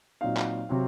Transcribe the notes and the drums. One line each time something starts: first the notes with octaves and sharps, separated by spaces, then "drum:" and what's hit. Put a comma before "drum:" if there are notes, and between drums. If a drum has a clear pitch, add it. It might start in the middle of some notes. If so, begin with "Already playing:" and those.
A#2 F#3 C4 D#4 F5
drum: clap
C3 F#3 C4